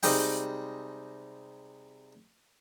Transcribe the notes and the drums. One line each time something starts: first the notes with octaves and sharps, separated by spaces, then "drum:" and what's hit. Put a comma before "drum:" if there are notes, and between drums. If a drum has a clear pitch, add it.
C3 G3 G#3 D#4 G5, drum: open hi-hat